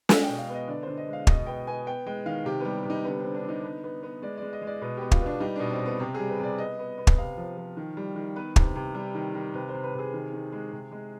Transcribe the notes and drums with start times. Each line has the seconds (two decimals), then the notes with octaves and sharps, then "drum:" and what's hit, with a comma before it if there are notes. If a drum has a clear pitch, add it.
0.09 G#3 G#5, drum: snare
0.23 G5
0.29 B2
0.38 F5
0.49 B3 D#5
0.68 D3 D5
0.83 D3 C5
0.97 D#5
1.08 G#3
1.13 F5
1.27 B2 D#5, drum: kick
1.47 B3 G5
1.67 B3 G#5
1.87 B3 G5
2.06 G#3 G5
2.26 D#3 F5
2.45 C3 G4
2.60 G3 B3
2.85 C3
2.90 D#4
3.05 D3 B3
3.20 D3 C4
3.34 D4
3.44 D3 D#4
3.63 B3
3.84 B3
4.03 B3
4.22 G#3 D5
4.38 G#3 D5
4.53 D#5
4.62 G#3
4.67 D5
4.82 B2 B4
4.97 B3 G4
5.11 F4, drum: kick
5.22 B3 D4
5.40 G3 D#4
5.56 B2 D4
5.71 C4
5.80 B2
5.86 B3
6.00 C3 C4
6.14 G#4
6.20 G3
6.29 B4
6.39 C3 D5
6.58 B3 D#5
6.79 B3
6.98 B3
7.07 drum: kick
7.18 C3 F5
7.37 F3
7.57 F3
7.77 D#3
7.97 G3
8.16 D#3
8.36 B3 B4
8.56 C3, drum: kick
8.76 C3
8.95 G3
9.15 D#3
9.34 D#3
9.54 C3 B4
9.69 C5
9.74 C3
9.84 B4
9.94 C3 G#4
10.14 D#3
10.33 D#3
10.52 G#3
10.73 C3
10.92 G#3